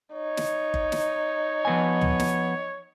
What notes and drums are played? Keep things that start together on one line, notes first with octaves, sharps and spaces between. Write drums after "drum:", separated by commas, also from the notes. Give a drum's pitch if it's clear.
D#4 C#5
drum: snare
drum: kick G1
drum: snare
F3 B3 G#5
drum: tom
drum: snare